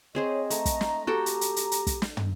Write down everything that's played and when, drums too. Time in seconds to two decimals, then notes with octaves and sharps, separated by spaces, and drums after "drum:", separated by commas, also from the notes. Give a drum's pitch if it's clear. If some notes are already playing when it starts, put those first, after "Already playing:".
0.15 C4 G#4 C5 C#5 D#5
0.50 A3 A#5, drum: hi-hat
0.65 drum: kick, hi-hat
0.81 drum: snare
1.07 F#4 G4 A4 G5
1.26 drum: hi-hat
1.41 drum: hi-hat
1.56 drum: hi-hat
1.71 drum: hi-hat
1.87 drum: kick, hi-hat
2.02 drum: snare
2.17 drum: tom